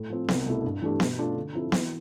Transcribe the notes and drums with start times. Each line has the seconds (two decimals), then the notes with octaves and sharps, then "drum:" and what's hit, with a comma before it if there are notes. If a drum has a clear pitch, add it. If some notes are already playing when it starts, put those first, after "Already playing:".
Already playing: A2
0.10 F3 C4
0.28 C2, drum: snare B3
0.46 B2 A3 E4
0.64 G2
0.82 E3 A3 D4 G4
1.00 B2, drum: snare B3
1.19 A3 D4 F4
1.36 D3
1.54 F3 C4 E4 A4
1.72 E3, drum: snare B3